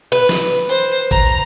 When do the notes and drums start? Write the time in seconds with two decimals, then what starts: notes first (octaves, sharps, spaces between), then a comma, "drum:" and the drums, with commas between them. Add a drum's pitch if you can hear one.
0.12 B4
0.29 drum: snare
0.69 C5, drum: hi-hat
1.11 A#5, drum: kick, hi-hat